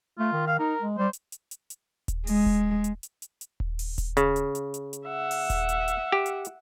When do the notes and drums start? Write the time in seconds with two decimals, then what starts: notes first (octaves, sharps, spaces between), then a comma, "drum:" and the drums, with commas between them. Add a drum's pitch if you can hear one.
0.19 A3 F4
0.33 D#3
0.48 F5
0.59 D#4 A#4
0.82 G#3
0.98 G3 C5
1.13 drum: hi-hat
1.32 drum: hi-hat
1.51 drum: hi-hat
1.70 drum: hi-hat
2.08 drum: kick D#1, hi-hat
2.27 G#3, drum: open hi-hat
2.46 drum: kick D#1
2.84 drum: hi-hat
3.03 drum: hi-hat
3.22 drum: hi-hat
3.41 drum: hi-hat
3.60 drum: kick D#1
3.79 drum: open hi-hat
3.98 drum: kick D#1, hi-hat
4.17 C#3, drum: hi-hat
4.36 drum: hi-hat
4.55 drum: hi-hat
4.74 drum: hi-hat
4.93 drum: hi-hat
5.07 E5 F#5
5.31 drum: open hi-hat
5.50 drum: kick D#1, hi-hat
5.69 drum: hi-hat
5.88 drum: hi-hat
6.12 G4
6.26 drum: hi-hat
6.45 drum: hi-hat